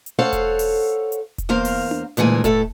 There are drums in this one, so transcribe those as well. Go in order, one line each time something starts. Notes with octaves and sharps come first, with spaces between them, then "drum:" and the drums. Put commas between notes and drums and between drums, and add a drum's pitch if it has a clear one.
drum: hi-hat
A4 C5 C#5 F5 F#5
drum: kick E1, hi-hat
drum: open hi-hat
drum: hi-hat
drum: kick E1, hi-hat
E2 A#3 A#4 C5 F5
drum: open hi-hat
drum: tom D4
D2 A#2 E3 G#3 G#5, drum: hi-hat
A2 A4 E5, drum: kick E1, hi-hat